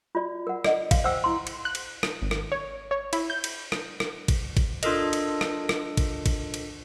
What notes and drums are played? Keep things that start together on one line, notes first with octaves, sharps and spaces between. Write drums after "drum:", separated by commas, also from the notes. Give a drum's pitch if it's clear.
F4 F#4 D5
A#4 F#5
D5 D#5 F#5, drum: rim click
F5, drum: kick G#1, cymbal
C5 F#5 G5 E6
E4 C6
drum: cymbal
F#6
drum: cymbal
drum: rim click
G#1
drum: rim click
C#5
C#5
E4, drum: cymbal
G6
drum: cymbal
drum: rim click
drum: rim click
drum: kick G#1, cymbal
drum: kick G#1, cymbal
D4 F4 A4 A#4 D#5, drum: cymbal
drum: cymbal
drum: rim click
drum: rim click
drum: kick G#1, cymbal
drum: kick G#1, cymbal
drum: cymbal